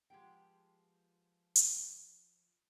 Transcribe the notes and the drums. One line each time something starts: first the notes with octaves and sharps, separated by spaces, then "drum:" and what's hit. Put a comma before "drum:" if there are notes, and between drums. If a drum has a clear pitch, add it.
F3 G#3 B3 G4 G5
drum: hi-hat